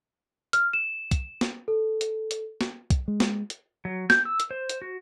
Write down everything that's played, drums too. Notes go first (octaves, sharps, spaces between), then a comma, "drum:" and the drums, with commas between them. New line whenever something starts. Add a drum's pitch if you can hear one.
F6, drum: hi-hat
E7
drum: kick, hi-hat
drum: snare
A4
drum: hi-hat
drum: hi-hat
drum: snare
drum: kick, hi-hat
G#3
drum: snare
drum: hi-hat
F#3
G6, drum: snare
E6
drum: hi-hat
C5
drum: hi-hat
F#4